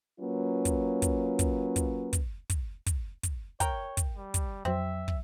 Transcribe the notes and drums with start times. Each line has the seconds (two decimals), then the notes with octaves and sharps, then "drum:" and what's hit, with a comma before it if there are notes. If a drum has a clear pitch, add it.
0.20 F#3 A#3 C#4 F4 B4
0.65 drum: kick, hi-hat
1.02 drum: kick, hi-hat
1.39 drum: kick, hi-hat
1.76 drum: kick, hi-hat
2.13 drum: kick, hi-hat
2.50 drum: kick, hi-hat
2.86 drum: kick, hi-hat
3.23 drum: kick, hi-hat
3.60 A#4 C#5 G5, drum: kick, hi-hat
3.97 drum: kick, hi-hat
4.16 G3
4.34 drum: kick, hi-hat
4.65 F2 F#3 C4 E5
5.08 drum: kick